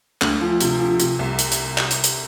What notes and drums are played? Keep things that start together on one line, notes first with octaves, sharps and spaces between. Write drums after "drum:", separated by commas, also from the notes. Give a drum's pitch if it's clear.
D2, drum: clap
F3
C3, drum: hi-hat
F3
C3, drum: hi-hat
C2
drum: hi-hat
drum: hi-hat
drum: clap
drum: hi-hat
drum: hi-hat